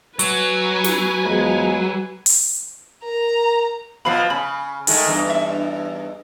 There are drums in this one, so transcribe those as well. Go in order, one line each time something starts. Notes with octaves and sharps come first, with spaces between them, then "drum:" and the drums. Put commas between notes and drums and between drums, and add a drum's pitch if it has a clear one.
F#3 B4 G#5, drum: hi-hat
drum: snare
E2 F3 G#3
drum: open hi-hat
A#4 A#5
B2 F3 F#3 B4 F5 B5
C#3 B5
D#3 G#3 A3, drum: open hi-hat
E2 G2 D#4
E5